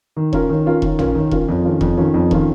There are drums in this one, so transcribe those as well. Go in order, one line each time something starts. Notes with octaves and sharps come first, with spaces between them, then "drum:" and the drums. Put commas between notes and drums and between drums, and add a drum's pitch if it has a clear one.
D#3
C#4 F4 A#4, drum: kick E1
D#3
C#4 F4 A#4
D#3, drum: kick E1
C#4 F4 A#4, drum: tom
D#3
C#4 F4 A#4, drum: kick E1
F2
D#3 C#4 F4
F2, drum: kick E1
D#3 C#4 F4
F2
D#3 C#4 F4, drum: kick E1